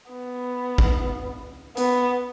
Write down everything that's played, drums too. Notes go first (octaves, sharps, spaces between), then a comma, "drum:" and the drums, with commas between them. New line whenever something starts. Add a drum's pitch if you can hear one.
B3
drum: kick
B3, drum: hi-hat